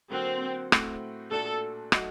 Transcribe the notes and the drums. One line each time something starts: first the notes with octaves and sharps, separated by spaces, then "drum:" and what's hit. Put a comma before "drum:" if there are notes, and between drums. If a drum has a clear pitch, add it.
D3 F#3 A#3 C4 F#4
A2 A3 C4 F#4, drum: rim click
A#2 A3 D4 F#4 A4
F#3 A3 D#4 F#4, drum: rim click